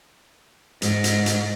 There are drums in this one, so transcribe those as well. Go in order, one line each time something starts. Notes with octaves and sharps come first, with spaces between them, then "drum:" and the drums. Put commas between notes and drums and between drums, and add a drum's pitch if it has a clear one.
G#2, drum: hi-hat
drum: hi-hat
drum: hi-hat